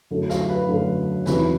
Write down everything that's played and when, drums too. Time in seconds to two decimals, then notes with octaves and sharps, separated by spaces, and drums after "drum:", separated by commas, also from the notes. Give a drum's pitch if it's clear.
0.11 F#2 D3 F#3 A3
0.30 F5, drum: snare
0.49 B4
0.68 F#2 D3 F#3 A3
1.26 F#1 E2 C3 D#3 F#3 B4, drum: snare